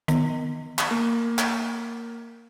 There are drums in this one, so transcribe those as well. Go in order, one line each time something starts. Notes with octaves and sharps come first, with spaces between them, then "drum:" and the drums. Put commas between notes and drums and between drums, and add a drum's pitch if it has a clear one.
D#3 B3, drum: hi-hat
drum: clap
A#3
drum: clap